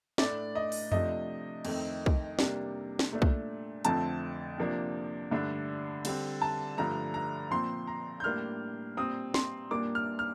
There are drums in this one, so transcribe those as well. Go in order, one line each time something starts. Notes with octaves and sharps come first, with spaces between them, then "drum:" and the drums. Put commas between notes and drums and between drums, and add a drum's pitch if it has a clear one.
A2 A3 D4 D5, drum: snare
D#5
drum: open hi-hat
C3 F3 A3 D4 D#5, drum: tom F2
F2 D#3 A3 C4, drum: cymbal
drum: kick
C3 G3 A#3 D4, drum: snare
drum: snare
A#2 A3 D4
drum: kick
F2 D3 F3 A3 C4 A5, drum: hi-hat
C3 F3 A#3 D4
G2 D3 A3 D4
D3 G3 C4, drum: cymbal
A5
G2 D3 F3 A3 A#5
A#5
A#2 F3 C4 C6
A#5
G6
A2 G3 A#3 D4 F6
A#2 G3 C4 D#6
C6, drum: snare
A#2 G3 A#3 D4 D6
F6
F6